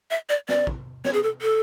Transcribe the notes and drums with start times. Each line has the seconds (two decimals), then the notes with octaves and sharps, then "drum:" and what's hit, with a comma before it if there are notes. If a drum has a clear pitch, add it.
0.11 E5
0.29 D5
0.49 D5, drum: snare
0.67 drum: kick
1.05 C#5, drum: snare
1.13 G#4
1.23 A4
1.42 A4